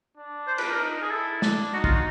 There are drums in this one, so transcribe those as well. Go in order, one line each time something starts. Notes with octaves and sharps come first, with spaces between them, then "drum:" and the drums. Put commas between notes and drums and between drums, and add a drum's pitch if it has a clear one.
D4
C5
B4, drum: cymbal
A#4
D#4
G#4
E4 A4
D4, drum: snare
D#4 F#4
F4, drum: kick
F#4